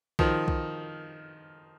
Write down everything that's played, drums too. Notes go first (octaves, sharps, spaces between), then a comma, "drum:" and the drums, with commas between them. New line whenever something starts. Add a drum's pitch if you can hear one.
D#3 F3, drum: kick B1
drum: kick B1